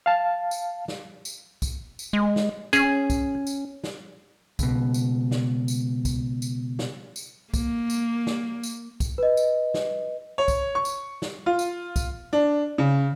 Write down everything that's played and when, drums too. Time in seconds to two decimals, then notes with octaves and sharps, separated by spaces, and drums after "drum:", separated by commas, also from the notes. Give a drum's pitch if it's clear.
0.06 F5 A5
0.51 drum: tambourine
0.88 drum: snare
1.25 drum: tambourine
1.62 drum: kick, tambourine
1.99 drum: tambourine
2.13 G#3
2.36 drum: snare
2.73 C#4 G#4, drum: tambourine
3.10 drum: kick, tambourine
3.47 drum: tambourine
3.84 drum: snare
4.59 C#2 B2, drum: kick, tambourine
4.94 drum: tambourine
5.31 drum: snare
5.68 drum: tambourine
6.05 drum: kick, tambourine
6.42 drum: tambourine
6.79 drum: snare
7.16 drum: tambourine
7.54 A#3, drum: kick, tambourine
7.90 drum: tambourine
8.27 drum: snare
8.63 drum: tambourine
9.00 drum: kick, tambourine
9.18 B4 D#5
9.37 drum: tambourine
9.74 drum: snare
10.38 C#5
10.48 drum: kick, tambourine
10.75 C#6
10.85 drum: tambourine
11.22 drum: snare
11.46 F4
11.59 drum: tambourine
11.96 drum: kick, tambourine
12.33 D4
12.78 C#3